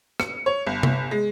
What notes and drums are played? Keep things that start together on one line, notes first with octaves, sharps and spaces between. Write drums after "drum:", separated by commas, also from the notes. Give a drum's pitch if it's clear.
C#7, drum: rim click
C#5
G1
drum: tom C3
G#3